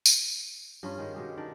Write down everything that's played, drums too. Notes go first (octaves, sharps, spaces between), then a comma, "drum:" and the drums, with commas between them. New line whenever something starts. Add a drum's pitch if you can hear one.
drum: tambourine
G2 C#4 F4
D#3 G#3
B2 G#3 G4
D#3 D4 D5